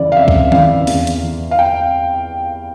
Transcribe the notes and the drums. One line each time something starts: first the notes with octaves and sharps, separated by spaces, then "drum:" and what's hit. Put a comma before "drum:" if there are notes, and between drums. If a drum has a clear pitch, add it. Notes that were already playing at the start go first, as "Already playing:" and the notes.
Already playing: F2 C#3 E3 D5
F5
F2 E5
drum: kick
C#3 E3 F5, drum: tom D#3
E2, drum: open hi-hat
drum: hi-hat
E3
F5
G5